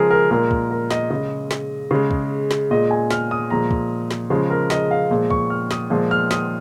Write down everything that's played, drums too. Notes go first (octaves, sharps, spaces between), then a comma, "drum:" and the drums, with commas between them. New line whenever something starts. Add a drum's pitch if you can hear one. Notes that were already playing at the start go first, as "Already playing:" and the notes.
Already playing: C#3 F3 G#3 G#4 A#4
A#4
A#2 G#3 A#4
drum: kick
A#4
D#5, drum: snare
C#3 G#3 D#5
drum: snare
C#3 G#3
drum: kick
drum: snare
A#2 G#3 D#5
G#5
F6, drum: snare
D#6
A#2 F3 G#3 A#5
drum: kick
drum: snare
C#3 F3 G#3
A#4
D#5, drum: snare
F5
A#2 F3 G#3
C#6, drum: kick
F6
D#6, drum: snare
A#2 F3 G#3
F6
D#6, drum: snare